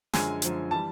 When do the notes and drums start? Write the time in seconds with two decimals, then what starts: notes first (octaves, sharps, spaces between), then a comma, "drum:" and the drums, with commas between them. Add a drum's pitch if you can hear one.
0.13 F#2 D3 F3 G#3 G#5, drum: snare
0.42 F#2 D3 F3 G#3, drum: hi-hat
0.71 E3 G3 A5